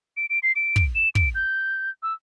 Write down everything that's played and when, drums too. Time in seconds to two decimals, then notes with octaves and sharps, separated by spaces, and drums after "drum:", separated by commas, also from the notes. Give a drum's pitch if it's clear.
0.17 D7
0.30 D7
0.43 C7
0.56 D7
0.76 drum: kick
0.95 E7
1.15 D7, drum: kick
1.35 G6
2.03 E6